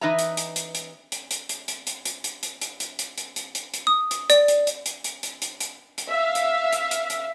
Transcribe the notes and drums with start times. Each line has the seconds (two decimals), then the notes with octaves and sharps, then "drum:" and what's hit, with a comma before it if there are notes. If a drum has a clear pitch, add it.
0.01 E3 D#4 B4 D#5 E5 A#5
0.19 drum: hi-hat
0.37 drum: hi-hat
0.56 drum: hi-hat
0.75 drum: hi-hat
1.12 drum: hi-hat
1.31 drum: hi-hat
1.49 drum: hi-hat
1.68 drum: hi-hat
1.87 drum: hi-hat
2.05 drum: hi-hat
2.24 drum: hi-hat
2.43 drum: hi-hat
2.61 drum: hi-hat
2.80 drum: hi-hat
2.99 drum: hi-hat
3.18 drum: hi-hat
3.36 drum: hi-hat
3.55 drum: hi-hat
3.74 drum: hi-hat
3.87 D#6
4.11 drum: hi-hat
4.30 D5, drum: hi-hat
4.48 drum: hi-hat
4.67 drum: hi-hat
4.86 drum: hi-hat
5.04 drum: hi-hat
5.23 drum: hi-hat
5.42 drum: hi-hat
5.60 drum: hi-hat
5.98 drum: hi-hat
6.08 E5 F5
6.35 drum: hi-hat
6.73 drum: hi-hat
6.91 drum: hi-hat
7.10 drum: hi-hat